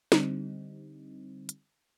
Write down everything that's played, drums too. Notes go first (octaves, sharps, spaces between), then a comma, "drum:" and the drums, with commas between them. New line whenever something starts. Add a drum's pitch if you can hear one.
D3 G3 C4 D#4, drum: snare
drum: hi-hat